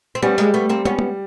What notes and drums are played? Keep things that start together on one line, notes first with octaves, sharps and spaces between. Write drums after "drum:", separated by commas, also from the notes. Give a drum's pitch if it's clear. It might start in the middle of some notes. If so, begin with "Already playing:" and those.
C4
G3 B3 C#4
G#3 A#3, drum: hi-hat
A3 B3
A#3 C4
B3 C#4, drum: tom
drum: tom